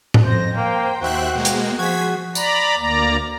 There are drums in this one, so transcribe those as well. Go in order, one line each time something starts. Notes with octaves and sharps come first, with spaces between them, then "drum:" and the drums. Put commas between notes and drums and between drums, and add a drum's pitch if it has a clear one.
drum: tom A2
F2 C5 A#6
A#3 C5 G5
D#2 F#4 E5 F#6
B2 G#3 A#3
drum: hi-hat
F3 F#4 G#4 C5 G#6 B6
D5 A#5 B5, drum: tambourine
D2 A#3 D5 A#5